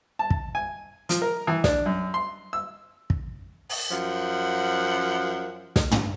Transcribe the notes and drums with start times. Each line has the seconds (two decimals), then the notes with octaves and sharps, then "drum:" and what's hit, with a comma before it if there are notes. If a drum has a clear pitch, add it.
0.19 A5
0.30 drum: kick
0.55 G#5
1.09 F3, drum: hi-hat
1.22 A#4
1.47 E3
1.64 D4, drum: snare
1.86 F#2
2.14 C6
2.53 E6
3.10 drum: kick
3.69 drum: open hi-hat
3.92 F#2 F3 F#5
5.76 drum: snare
5.91 drum: tom